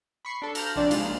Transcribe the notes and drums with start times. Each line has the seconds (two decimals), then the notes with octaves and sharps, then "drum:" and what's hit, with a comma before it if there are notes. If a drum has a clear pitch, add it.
0.25 B5 C#6 C7
0.42 D4 A4
0.55 A#5 F6 G6, drum: cymbal
0.76 A#1 C3 C4 D4 D5
0.91 G#3 D#4 F4, drum: cymbal
1.05 A#3